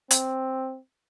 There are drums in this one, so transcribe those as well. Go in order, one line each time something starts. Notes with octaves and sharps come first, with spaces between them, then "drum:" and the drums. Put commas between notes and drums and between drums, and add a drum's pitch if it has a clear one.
C4, drum: hi-hat